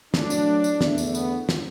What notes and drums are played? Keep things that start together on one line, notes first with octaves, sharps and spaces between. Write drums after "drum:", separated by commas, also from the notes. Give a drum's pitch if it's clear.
A2 F#3 A3 D4, drum: snare
drum: tambourine
drum: tambourine
E2 D3 A3, drum: snare
drum: tambourine
B3, drum: tambourine
drum: snare